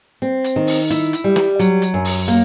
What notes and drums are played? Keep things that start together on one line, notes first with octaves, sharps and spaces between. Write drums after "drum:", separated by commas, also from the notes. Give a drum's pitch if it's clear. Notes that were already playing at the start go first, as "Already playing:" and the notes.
C4
drum: hi-hat
D#3
drum: open hi-hat
E4, drum: hi-hat
drum: hi-hat
G3
drum: snare
F#3, drum: hi-hat
drum: hi-hat
F#2
drum: open hi-hat
A#3, drum: hi-hat